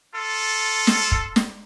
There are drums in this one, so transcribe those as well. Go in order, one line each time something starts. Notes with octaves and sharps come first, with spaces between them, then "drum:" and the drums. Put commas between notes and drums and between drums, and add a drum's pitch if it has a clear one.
F4 A4
drum: snare
drum: kick
drum: snare